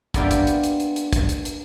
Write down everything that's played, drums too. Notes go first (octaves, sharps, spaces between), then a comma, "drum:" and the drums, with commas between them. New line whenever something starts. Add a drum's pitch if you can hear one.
A#3 B3 D4 E4 F4 G4, drum: kick, hi-hat
drum: kick, hi-hat
drum: hi-hat
drum: hi-hat
drum: hi-hat
drum: hi-hat
drum: kick, hi-hat
drum: hi-hat
drum: hi-hat